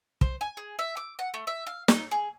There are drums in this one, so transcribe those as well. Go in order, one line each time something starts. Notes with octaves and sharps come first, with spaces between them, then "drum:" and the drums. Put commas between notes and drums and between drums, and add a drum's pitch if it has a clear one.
C5, drum: kick
G#5
G#4
E5
D6
F#5
A3
E5
F5
D#4, drum: snare
G#4